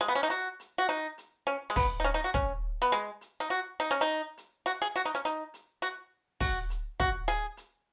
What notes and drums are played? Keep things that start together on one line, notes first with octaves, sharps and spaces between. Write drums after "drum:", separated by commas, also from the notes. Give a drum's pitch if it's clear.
G#3
B3
C#4
D#4
F#4, drum: hi-hat
drum: hi-hat
F#4
D#4, drum: hi-hat
drum: hi-hat
C#4
G#3
B3, drum: kick, open hi-hat
D#4
C#4
D#4
F#4
C#4, drum: kick, hi-hat
B3
G#3, drum: hi-hat
drum: hi-hat
D#4
F#4
D#4, drum: hi-hat
C#4
D#4
drum: hi-hat
F#4, drum: hi-hat
G#4
F#4, drum: hi-hat
D#4
C#4
D#4, drum: hi-hat
drum: hi-hat
F#4, drum: hi-hat
F#4, drum: kick, open hi-hat
drum: hi-hat
F#4, drum: kick, hi-hat
G#4
drum: hi-hat